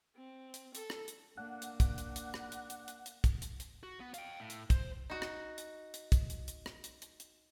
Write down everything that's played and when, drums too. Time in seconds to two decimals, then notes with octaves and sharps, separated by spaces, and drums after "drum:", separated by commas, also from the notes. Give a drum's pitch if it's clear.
0.16 C4
0.54 drum: hi-hat
0.75 A4, drum: hi-hat
0.90 drum: rim click
1.08 drum: hi-hat
1.38 A#3 D4 F#5
1.62 drum: hi-hat
1.80 drum: kick, hi-hat
1.98 drum: hi-hat
2.16 drum: hi-hat
2.34 drum: rim click
2.52 drum: hi-hat
2.70 drum: hi-hat
2.88 drum: hi-hat
3.06 drum: hi-hat
3.24 drum: kick, hi-hat
3.42 drum: hi-hat
3.60 drum: hi-hat
3.83 F#4
4.00 B3
4.14 F5 G5, drum: hi-hat
4.39 A2
4.50 drum: hi-hat
4.70 C5, drum: kick, hi-hat
5.10 D#4 F#4
5.22 drum: rim click
5.58 drum: hi-hat
5.94 drum: hi-hat
6.12 drum: kick, hi-hat
6.30 drum: hi-hat
6.48 drum: hi-hat
6.66 drum: rim click
6.84 drum: hi-hat
7.02 drum: hi-hat
7.20 drum: hi-hat